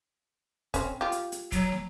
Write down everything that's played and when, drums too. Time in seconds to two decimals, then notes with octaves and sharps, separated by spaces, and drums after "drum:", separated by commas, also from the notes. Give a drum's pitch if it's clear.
0.74 C4 C#4, drum: kick, hi-hat
1.01 F4 G4
1.12 drum: hi-hat
1.32 drum: hi-hat
1.52 F#3, drum: kick, hi-hat
1.72 drum: snare